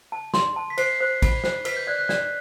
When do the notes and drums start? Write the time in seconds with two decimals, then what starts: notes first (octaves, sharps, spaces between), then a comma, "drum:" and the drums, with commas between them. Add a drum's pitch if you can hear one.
0.12 A5
0.34 C6, drum: snare
0.56 A5
0.70 B6
0.78 C5 C7, drum: cymbal
1.00 C5
1.22 B5, drum: kick, cymbal
1.44 C5, drum: snare
1.65 B4 B6, drum: cymbal
1.77 G6
1.87 D5 F#6
1.98 F#6
2.09 D5, drum: snare